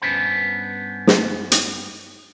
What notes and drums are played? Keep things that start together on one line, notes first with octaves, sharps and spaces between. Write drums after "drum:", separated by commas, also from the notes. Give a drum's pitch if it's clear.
G2 B3 C#4 C5 A5 B5
drum: snare
drum: hi-hat